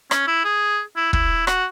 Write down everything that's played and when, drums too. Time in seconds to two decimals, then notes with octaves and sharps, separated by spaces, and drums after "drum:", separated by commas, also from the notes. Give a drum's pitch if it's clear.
0.11 C#4, drum: rim click
0.28 E4
0.45 G#4
0.96 E4
1.13 E4, drum: kick
1.47 F#4, drum: rim click